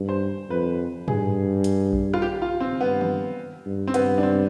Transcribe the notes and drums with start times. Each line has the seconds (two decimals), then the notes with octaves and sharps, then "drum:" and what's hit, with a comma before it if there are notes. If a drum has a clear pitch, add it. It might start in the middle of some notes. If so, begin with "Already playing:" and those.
Already playing: G2
0.09 C5
0.50 F2 B4
1.08 G2 G#4, drum: tom G#2
1.64 drum: hi-hat
1.93 drum: kick A#1
2.14 F4, drum: rim click
2.22 G4
2.42 F4
2.60 C4
2.81 G2 B3
3.01 drum: tom D#3
3.66 G2
3.88 C4
3.94 G2 B3, drum: hi-hat
4.18 D4
4.23 C4